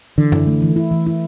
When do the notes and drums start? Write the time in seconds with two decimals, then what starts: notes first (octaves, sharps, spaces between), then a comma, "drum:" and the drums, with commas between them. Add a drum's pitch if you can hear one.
0.18 D3 E3
0.32 E4, drum: tom F#2
0.47 A3
0.62 E3
0.76 E4
0.91 E3
1.06 E4